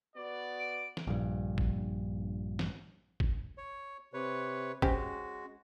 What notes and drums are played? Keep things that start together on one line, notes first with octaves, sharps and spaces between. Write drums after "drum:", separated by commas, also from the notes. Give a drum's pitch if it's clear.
B3 F#4 D5
D7
drum: snare
A#1 G2
drum: kick
drum: snare
drum: kick
C#5
C3 B4 C#5
G#3 C#4 F#4 G4 C5, drum: kick